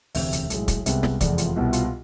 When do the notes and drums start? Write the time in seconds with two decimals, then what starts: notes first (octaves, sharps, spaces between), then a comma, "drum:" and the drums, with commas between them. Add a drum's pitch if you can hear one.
0.15 E1 D2 C3 E5, drum: open hi-hat
0.33 drum: hi-hat
0.50 B1 A2 G#3, drum: hi-hat
0.68 drum: kick, hi-hat
0.86 C2 C3 G#3 B3, drum: hi-hat
1.03 drum: snare
1.21 F1 E2 C3 G#3 D5, drum: kick, hi-hat
1.38 F4, drum: hi-hat
1.56 C2 B2 B3 E4
1.73 F4, drum: hi-hat
1.85 F4